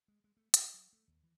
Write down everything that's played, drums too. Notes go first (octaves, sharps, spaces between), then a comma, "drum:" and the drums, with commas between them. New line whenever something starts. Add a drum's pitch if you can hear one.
G#3
G#3
A3
G2, drum: hi-hat
F#3
A3
D#2
E3